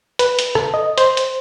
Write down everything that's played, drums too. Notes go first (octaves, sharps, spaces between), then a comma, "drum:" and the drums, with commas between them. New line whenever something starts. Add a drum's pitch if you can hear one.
B4, drum: hi-hat
drum: hi-hat
A4, drum: rim click
D#5
C5, drum: hi-hat
drum: hi-hat